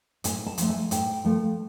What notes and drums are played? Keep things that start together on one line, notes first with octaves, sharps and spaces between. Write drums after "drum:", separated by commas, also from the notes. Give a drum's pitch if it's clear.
A2 G#5, drum: hi-hat
A5
F3 A3, drum: hi-hat
G#5
A2 G5, drum: hi-hat
F3 A3